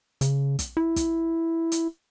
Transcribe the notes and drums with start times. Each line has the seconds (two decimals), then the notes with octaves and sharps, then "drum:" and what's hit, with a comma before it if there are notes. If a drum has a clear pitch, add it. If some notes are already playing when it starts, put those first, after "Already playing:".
0.21 C#3, drum: hi-hat
0.59 drum: kick, hi-hat
0.77 E4
0.96 drum: kick, hi-hat
1.72 drum: hi-hat